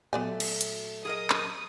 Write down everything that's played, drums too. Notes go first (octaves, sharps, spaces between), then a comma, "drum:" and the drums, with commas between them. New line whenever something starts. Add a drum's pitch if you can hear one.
A#2 F#3 A3 B3 D5 G#5
drum: cymbal
drum: hi-hat
G#4 A#4 D#5 D#6
drum: clap